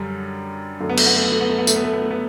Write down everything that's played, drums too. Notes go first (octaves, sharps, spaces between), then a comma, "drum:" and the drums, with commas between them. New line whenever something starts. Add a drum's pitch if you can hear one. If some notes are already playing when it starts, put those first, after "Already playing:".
Already playing: F#2 D3 G3
F#2 D3 A3
B3
A3, drum: cymbal
B3
A3
B3
A3
B3
A3
B3
A3, drum: tambourine
B3
A3
B3
A3
B3